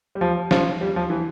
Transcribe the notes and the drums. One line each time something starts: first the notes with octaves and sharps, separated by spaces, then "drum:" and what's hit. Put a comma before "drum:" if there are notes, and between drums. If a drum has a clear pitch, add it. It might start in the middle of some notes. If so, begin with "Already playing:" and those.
G3
F3
F3, drum: snare
G3
F3
E3